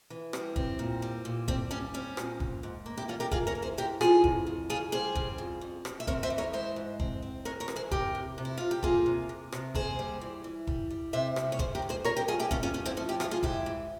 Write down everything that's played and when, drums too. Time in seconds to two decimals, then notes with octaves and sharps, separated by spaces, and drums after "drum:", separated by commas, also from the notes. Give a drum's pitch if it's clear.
0.10 E3
0.33 G3, drum: rim click
0.56 C4, drum: kick E1
0.79 A#2
1.02 G3
1.25 A#2
1.48 G3 C4, drum: kick E1
1.71 G3 C#4
1.94 C4 C#4
2.17 A#2, drum: rim click
2.40 G#2, drum: kick E1
2.63 G#2
2.86 A#3
2.97 E4 G4
3.08 E3 C#4 F4
3.20 G4 A#4
3.31 E3 F4 G#4, drum: kick E1
3.47 A#4 C#5
3.55 E3
3.62 G#4 C5
3.78 G#2 G4 A#4
4.01 E3 F4 G#4, drum: rim click
4.24 F2, drum: kick E1
4.47 C#3
4.70 C#3 F4 G#4
4.92 G3 G#4 C5
5.15 C#3, drum: kick E1
5.38 F2
5.61 F2
5.85 F2, drum: rim click
6.00 E5
6.07 C4 A#4 C#5, drum: kick E1
6.23 C5 E5
6.30 E3
6.38 A#4 C#5
6.53 G#3 C5 E5
6.76 G#2
7.00 C4, drum: kick E1
7.22 C4
7.45 G#3 A#4 C#5
7.60 A#4 C#5
7.68 E3, drum: rim click
7.76 G#4 C5
7.91 C3 G4 A#4, drum: kick E1
8.15 C3
8.38 C3
8.45 E4
8.58 C3 F4
8.71 G4
8.83 A#3 F4 G#4, drum: kick E1
9.06 C3
9.29 C3
9.52 C3, drum: rim click
9.74 A#3 G#4 C5, drum: kick E1
9.99 G3
10.21 E3
10.44 E3
10.67 G3, drum: kick E1
10.90 G3
11.13 C3 C5 E5
11.36 G3, drum: rim click
11.52 C#5
11.59 G2 G#4 C5, drum: kick E1
11.75 G4 A#4
11.82 G2
11.89 G#4 C5
12.04 G2 A#4 C#5
12.17 G4 A#4
12.28 G2 F4 G#4
12.40 E4 G4
12.51 G2 C#4 F4, drum: kick E1
12.63 C#4 F4
12.74 G2 C#4
12.86 C4 E4
12.97 F3 C#4
13.09 E4 G4
13.20 G2 F4 G#4, drum: rim click
13.31 F4 G#4
13.43 G#2 E4 G4, drum: kick E1
13.66 E3